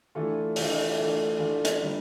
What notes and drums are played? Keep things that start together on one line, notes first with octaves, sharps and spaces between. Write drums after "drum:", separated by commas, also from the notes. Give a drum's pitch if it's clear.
E3 A3 D4 F4 A4
E3 A3 D4 F4 A4, drum: open hi-hat
E3 A3 D4 F4 A4
E3 A3 D4 F4 A4
drum: hi-hat
D3 G3 A#3